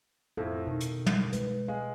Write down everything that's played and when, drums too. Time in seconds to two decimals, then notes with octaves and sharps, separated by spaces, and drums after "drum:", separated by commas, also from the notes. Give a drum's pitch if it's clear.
0.37 F2 A2 A4
0.67 B2 D#3
0.80 drum: hi-hat
1.06 drum: tom
1.33 G#3 B4, drum: hi-hat
1.68 G#3 F5